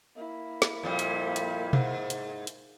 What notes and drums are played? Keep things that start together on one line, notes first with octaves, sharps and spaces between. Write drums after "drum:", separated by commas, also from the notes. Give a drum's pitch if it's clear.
A#3 E4
drum: snare
F2 A#2 G3
drum: hi-hat
drum: hi-hat
G#2, drum: tom B2
drum: hi-hat
drum: hi-hat